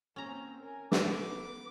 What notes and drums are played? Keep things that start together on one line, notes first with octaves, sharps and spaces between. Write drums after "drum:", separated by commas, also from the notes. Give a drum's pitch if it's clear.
A#3 C4 C#4 A#5
A#4 G#5
B3 A4 B4 D6, drum: snare